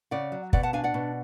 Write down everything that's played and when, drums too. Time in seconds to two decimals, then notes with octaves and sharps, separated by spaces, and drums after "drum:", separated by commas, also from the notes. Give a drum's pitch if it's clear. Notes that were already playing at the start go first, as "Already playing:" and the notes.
0.11 C#3 D5 F#5
0.32 F#3
0.53 B2 D5 F#5, drum: kick
0.63 F#5 A5
0.73 D4 F5 G#5
0.84 D5 F#5
0.94 B2